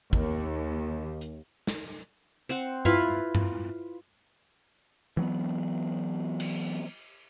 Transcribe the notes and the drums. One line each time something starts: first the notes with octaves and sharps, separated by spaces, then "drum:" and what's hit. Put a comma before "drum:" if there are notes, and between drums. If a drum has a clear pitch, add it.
D#2, drum: kick
drum: hi-hat
drum: snare
C4 F#5, drum: hi-hat
E4 F4 B4 F5, drum: tom G2
drum: tom G2
E3 F#3 A#3 B3
drum: cymbal